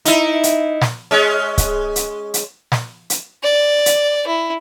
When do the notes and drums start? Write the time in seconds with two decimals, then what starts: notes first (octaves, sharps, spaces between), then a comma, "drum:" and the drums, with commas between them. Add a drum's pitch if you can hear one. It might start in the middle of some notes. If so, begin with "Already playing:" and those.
0.05 D#4 E4, drum: hi-hat
0.43 drum: hi-hat
0.82 drum: snare
1.11 G#3 C#4
1.58 drum: kick C#1, hi-hat
1.96 drum: hi-hat
2.34 drum: hi-hat
2.72 drum: snare
3.10 drum: hi-hat
3.43 D5
3.86 drum: hi-hat
4.27 E4